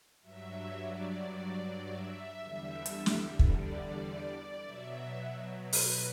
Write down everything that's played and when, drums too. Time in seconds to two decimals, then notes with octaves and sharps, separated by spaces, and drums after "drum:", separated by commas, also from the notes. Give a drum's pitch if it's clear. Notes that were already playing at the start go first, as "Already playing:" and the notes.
0.22 G2 F#3 E5
0.77 D5
1.32 D5
1.87 E5
2.42 E2 D3 G3
2.86 drum: hi-hat
3.06 drum: snare
3.39 drum: kick
3.53 D5
4.62 B2 F#3 E5
5.73 B4, drum: open hi-hat